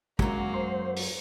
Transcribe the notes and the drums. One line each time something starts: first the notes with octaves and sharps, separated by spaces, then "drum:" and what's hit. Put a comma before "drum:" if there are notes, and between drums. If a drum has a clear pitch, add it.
F#2 F#3 G#3 A#3, drum: kick
C5
drum: open hi-hat